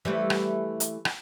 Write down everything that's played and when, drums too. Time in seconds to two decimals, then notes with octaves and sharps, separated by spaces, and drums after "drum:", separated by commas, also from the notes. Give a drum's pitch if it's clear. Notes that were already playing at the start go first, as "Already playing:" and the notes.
0.05 E3 G3 A3
0.30 drum: rim click
0.80 drum: hi-hat
1.05 drum: rim click